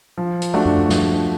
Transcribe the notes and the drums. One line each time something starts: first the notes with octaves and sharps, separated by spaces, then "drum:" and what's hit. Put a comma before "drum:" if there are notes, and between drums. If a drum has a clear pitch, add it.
F3
drum: hi-hat
A3 D4 F#4
drum: tom F#2
F3, drum: snare